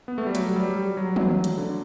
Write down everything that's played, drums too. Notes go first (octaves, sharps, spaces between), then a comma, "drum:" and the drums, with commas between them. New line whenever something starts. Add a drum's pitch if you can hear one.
B3
A3
G3
F#3, drum: hi-hat
G3
G3
F#3
F#3, drum: tom
drum: hi-hat
D3